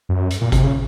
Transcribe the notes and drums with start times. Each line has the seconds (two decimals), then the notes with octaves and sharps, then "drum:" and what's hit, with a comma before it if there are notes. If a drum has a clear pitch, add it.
0.09 F#2
0.30 drum: hi-hat
0.41 A#2
0.52 C3, drum: kick, hi-hat
0.63 C#3